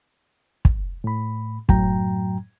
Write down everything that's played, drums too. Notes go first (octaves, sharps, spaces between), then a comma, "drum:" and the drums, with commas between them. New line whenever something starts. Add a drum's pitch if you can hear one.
drum: kick
A2 B5
F#2 A2 F#3 G5 A#5, drum: kick